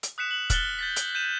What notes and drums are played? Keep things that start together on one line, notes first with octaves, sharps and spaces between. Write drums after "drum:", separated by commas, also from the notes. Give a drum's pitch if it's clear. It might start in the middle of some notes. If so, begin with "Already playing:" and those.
drum: hi-hat
D#6 F#6 B6 C#7 E7
F#7
F6 F#6 A6 C#7 G7, drum: kick, hi-hat
G6 A6 B6
drum: hi-hat
G6 D#7 E7